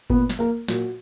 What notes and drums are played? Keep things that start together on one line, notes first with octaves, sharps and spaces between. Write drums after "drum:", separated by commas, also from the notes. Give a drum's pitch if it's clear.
A#2 B3 B4, drum: kick G1
drum: snare
A#3 A#4
A#2 F#4, drum: snare